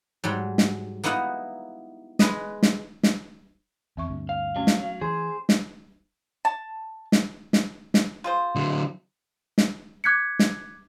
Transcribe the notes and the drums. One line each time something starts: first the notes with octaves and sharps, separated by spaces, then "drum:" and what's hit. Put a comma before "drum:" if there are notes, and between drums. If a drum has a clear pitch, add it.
G#2 F#3 G3
drum: snare
A#3 B3 D#4 E4 F#5 A#5
G#3 B4 D#5, drum: snare
drum: snare
drum: snare
E2 C4 E5 C#6
D2 G2
F5
F#3 A3 C#4
drum: snare
F#3
E3 G#4 C5
drum: snare
A5
drum: snare
drum: snare
drum: snare
F4 G#4 C5
D3 F#3
drum: snare
D6 F#6 G#6 B6 C#7
drum: snare